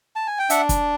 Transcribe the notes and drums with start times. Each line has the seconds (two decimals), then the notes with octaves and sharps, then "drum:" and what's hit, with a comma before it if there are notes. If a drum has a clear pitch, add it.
0.16 A5
0.27 G#5
0.39 G5
0.50 D4 E5 F#5, drum: hi-hat
0.69 drum: kick, hi-hat